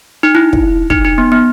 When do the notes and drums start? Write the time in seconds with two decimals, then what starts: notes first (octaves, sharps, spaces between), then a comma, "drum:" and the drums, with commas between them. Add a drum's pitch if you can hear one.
0.23 D#4
0.35 E4
0.53 drum: kick
0.90 D#4, drum: kick
1.05 D#4
1.18 B3
1.32 B3